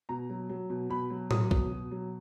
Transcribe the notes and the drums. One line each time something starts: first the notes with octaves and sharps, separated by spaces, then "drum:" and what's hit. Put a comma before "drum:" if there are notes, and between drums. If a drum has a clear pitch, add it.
B2 A#5
F#3
F#3
B2
B2 B5
F#3
F#3 D#6, drum: tom A2
B2, drum: kick
B2
F#3